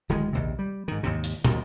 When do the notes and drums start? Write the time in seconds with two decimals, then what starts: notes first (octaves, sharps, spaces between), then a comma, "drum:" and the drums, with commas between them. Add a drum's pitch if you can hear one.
0.09 D1 D#3 F3 G#3
0.33 A#1 D#2 C3
0.59 G3
0.88 G#2 D#3
1.03 D#2 G#2 C3
1.24 drum: hi-hat
1.44 D#2 B2 D#3, drum: tom